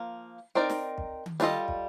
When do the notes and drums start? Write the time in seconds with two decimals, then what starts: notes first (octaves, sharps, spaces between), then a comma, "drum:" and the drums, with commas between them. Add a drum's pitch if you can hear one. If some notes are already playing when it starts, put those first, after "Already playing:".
Already playing: F3 A#3
0.55 C4 D#4 A#4 D5
0.70 drum: snare
0.98 drum: kick
1.26 drum: tom D#3
1.40 G3 D4 F4 A4 D#5, drum: snare
1.68 drum: kick